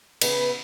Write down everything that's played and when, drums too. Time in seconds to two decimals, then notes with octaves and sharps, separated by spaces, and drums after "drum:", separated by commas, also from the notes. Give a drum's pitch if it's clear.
0.22 C#3 E3 B3, drum: cymbal